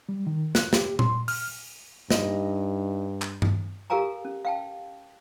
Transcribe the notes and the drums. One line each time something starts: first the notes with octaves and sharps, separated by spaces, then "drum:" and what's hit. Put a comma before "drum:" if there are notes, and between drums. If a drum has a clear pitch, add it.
G3
D#3
F#6, drum: snare
G4, drum: snare
C6, drum: tom A#2
F6, drum: open hi-hat
G2 D#4 D#5, drum: snare
drum: clap
drum: tom G2
G4 A4 A#4 F5 G#5 A#5
C#4
F5 G5 A5